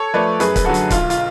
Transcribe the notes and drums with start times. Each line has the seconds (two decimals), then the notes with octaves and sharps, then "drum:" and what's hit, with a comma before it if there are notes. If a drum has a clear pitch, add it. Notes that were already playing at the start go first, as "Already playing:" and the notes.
Already playing: A4 C#5
0.14 F3 A3 B4 D5
0.40 F#2 G#4 B4, drum: hi-hat
0.56 B4, drum: kick C#1, hi-hat
0.65 D3 F#3 F#4 A4
0.74 drum: hi-hat
0.90 B1 F4, drum: kick C#1, hi-hat
1.10 F4, drum: hi-hat